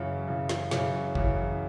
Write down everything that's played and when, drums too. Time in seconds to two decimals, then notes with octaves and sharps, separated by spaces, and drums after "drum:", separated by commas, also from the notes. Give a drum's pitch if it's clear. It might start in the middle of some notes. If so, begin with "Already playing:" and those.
Already playing: F#2 C#3 E3
0.28 F#2 C#3 E3
0.49 drum: snare
0.71 F#2 C#3 E3, drum: snare
1.15 F#2 C#3 E3, drum: kick G#1